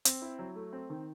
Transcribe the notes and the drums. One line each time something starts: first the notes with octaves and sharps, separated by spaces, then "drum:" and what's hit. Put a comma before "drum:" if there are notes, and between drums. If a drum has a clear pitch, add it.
C4, drum: hi-hat
E4
F#3
A3
C4
D#3